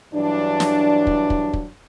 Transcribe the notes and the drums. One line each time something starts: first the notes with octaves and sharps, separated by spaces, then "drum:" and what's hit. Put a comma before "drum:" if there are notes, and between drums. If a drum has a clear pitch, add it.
G2 E3 F#3 D4
drum: snare
drum: kick
drum: kick
drum: kick